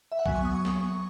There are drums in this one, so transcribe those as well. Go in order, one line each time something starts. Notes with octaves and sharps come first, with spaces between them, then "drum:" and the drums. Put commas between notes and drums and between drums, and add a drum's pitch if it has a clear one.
E5
F#5
F#3 B3 G#5, drum: kick B1
C#6
D#6
C#6
drum: snare